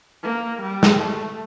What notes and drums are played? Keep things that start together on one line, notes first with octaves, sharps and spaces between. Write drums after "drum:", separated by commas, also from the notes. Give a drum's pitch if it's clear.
A#3
G3
drum: snare
A3